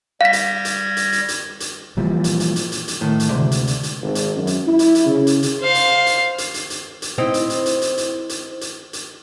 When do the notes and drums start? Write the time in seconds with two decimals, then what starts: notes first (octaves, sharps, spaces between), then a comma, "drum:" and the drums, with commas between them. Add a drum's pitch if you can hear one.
0.21 G3 F5 G#6 A#6 B6
0.33 drum: hi-hat
0.65 drum: hi-hat
0.97 drum: hi-hat
1.13 drum: hi-hat
1.28 drum: hi-hat
1.60 drum: hi-hat
1.97 A#2 E3 F3 G3
2.24 drum: hi-hat
2.40 drum: hi-hat
2.56 drum: hi-hat
2.72 drum: hi-hat
2.88 drum: hi-hat
3.01 A2 D#3
3.20 drum: hi-hat
3.29 D2 C3 G#3 D5 E5
3.51 drum: hi-hat
3.67 drum: hi-hat
3.83 drum: hi-hat
4.02 G#1
4.15 drum: hi-hat
4.37 F#2
4.47 drum: hi-hat
4.67 E4
4.79 drum: hi-hat
4.95 drum: hi-hat
5.06 C#3
5.27 drum: hi-hat
5.43 drum: hi-hat
5.60 C5 F5
5.75 drum: hi-hat
6.06 drum: hi-hat
6.38 drum: hi-hat
6.54 drum: hi-hat
6.70 drum: hi-hat
7.02 drum: hi-hat
7.18 C4 D#4 E4
7.34 drum: hi-hat
7.50 drum: hi-hat
7.66 drum: hi-hat
7.82 drum: hi-hat
7.98 drum: hi-hat
8.29 drum: hi-hat
8.61 drum: hi-hat
8.93 drum: hi-hat